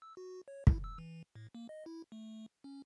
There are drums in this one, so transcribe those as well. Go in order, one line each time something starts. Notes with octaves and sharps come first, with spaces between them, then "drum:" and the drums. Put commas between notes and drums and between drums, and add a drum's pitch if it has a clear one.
E6
F#4
C#5
E4, drum: kick
E6
E3
A2
A#3
D#5
E4
A3
C#4